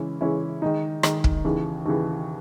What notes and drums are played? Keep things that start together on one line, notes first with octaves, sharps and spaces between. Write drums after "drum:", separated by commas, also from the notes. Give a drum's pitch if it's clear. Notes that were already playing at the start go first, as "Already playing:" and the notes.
Already playing: C#3 E3 G#3 C#4 E4
C#3 E3 G#3 C#4 E4
D#3 G#3 D#4
D#3 G#3 D#4, drum: rim click
drum: kick
D#2 C#3 E3
D#2 C#3 E3